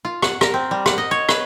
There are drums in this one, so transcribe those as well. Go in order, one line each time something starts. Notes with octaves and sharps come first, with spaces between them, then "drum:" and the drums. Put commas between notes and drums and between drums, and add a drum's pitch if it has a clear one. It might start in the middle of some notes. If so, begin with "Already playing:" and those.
F4
F#5, drum: rim click
A#4, drum: rim click
C4
G3
F#5, drum: rim click
D#5
C#5
B4, drum: rim click